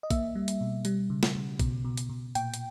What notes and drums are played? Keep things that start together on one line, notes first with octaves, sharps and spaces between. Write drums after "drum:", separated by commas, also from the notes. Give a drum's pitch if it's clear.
D#5
A#3 E5, drum: kick, hi-hat
G3
drum: hi-hat
B2
G3, drum: hi-hat
C#3
drum: snare
C#3
B2, drum: kick, hi-hat
B2
drum: hi-hat
B2
A#2 G5, drum: hi-hat
drum: hi-hat